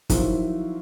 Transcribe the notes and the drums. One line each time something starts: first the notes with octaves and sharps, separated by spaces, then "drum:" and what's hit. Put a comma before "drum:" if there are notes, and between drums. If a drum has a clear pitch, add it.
D#3 F3 F#3 C4 E4 F4, drum: kick, hi-hat